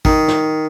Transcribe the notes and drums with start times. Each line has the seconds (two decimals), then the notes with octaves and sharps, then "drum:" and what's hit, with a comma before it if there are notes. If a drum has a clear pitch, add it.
0.05 D#3, drum: kick
0.28 drum: snare